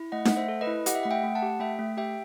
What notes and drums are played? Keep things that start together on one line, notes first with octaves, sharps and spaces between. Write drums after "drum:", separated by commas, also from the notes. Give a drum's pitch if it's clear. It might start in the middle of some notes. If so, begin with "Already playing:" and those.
Already playing: E4
A3 D#5 F#5
A3 F#5, drum: snare D#4
C5 E5
A4
B4 D#5
E4
G4 D#5 F#5, drum: hi-hat
E5
A3 F#5
E5 G5
A3
F#5 A5
G4
A3 E5 G5
A3
G4 E5 G5